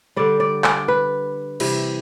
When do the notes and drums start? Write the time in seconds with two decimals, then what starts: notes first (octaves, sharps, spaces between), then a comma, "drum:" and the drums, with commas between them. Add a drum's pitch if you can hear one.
0.16 D3 G3 D5
0.40 D5
0.64 D5, drum: clap
0.88 B4
1.60 C3 E3 G3, drum: cymbal